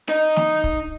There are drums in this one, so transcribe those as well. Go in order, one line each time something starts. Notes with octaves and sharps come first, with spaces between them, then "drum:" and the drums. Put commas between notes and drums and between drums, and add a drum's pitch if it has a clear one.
D#4 D#5
drum: snare
drum: kick